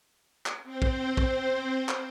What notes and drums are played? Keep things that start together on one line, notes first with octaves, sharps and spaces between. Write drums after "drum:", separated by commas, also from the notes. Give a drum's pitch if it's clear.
drum: clap
C4 C5
drum: kick
drum: kick
drum: clap